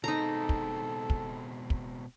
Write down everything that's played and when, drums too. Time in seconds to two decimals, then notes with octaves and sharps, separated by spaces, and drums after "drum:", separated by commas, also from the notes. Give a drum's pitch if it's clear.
0.04 B2 G#3 C4 D#4 A4 A#5
0.49 drum: kick
1.10 drum: kick
1.70 drum: kick